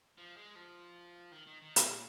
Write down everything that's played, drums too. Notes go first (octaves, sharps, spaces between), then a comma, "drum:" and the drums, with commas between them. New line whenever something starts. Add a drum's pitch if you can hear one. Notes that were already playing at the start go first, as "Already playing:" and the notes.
F3
G#3
F3
D#3
D#3
D#3
A#2, drum: hi-hat